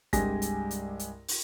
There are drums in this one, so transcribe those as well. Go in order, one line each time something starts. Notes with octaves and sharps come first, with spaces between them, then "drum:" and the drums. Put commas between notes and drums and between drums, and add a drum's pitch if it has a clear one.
C2 G2 G#3 G4 G#5 A#6, drum: kick, hi-hat
drum: hi-hat
drum: hi-hat
drum: hi-hat
drum: open hi-hat